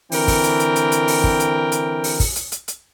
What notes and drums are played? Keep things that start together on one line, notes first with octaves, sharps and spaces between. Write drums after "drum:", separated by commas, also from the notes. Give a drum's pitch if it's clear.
D3 E3 C4 A#4 G5, drum: open hi-hat
drum: kick, open hi-hat
drum: hi-hat
drum: hi-hat
drum: hi-hat
drum: hi-hat
drum: open hi-hat
drum: kick
drum: hi-hat
drum: hi-hat
drum: open hi-hat
drum: kick, open hi-hat
drum: hi-hat
drum: hi-hat
drum: hi-hat